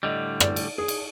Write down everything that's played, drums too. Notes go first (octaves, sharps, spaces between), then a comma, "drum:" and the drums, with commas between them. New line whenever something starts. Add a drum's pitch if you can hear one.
A2 D3 G3 D#5
D5, drum: rim click
drum: cymbal
G#4
drum: cymbal